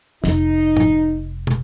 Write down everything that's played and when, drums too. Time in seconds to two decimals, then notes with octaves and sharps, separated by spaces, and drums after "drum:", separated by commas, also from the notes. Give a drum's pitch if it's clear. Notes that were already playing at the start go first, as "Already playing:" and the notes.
0.24 F1 D#4, drum: snare
0.77 drum: tom G#2
1.47 drum: tom